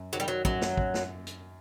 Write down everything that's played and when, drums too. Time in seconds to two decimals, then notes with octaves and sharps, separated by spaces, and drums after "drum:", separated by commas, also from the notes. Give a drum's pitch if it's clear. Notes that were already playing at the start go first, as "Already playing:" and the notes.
Already playing: F#2
0.13 D#3 F#3
0.20 G3
0.28 F#3
0.45 F#2 F#3, drum: kick
0.61 drum: snare
0.77 F#2, drum: kick
0.94 drum: snare
1.27 drum: hi-hat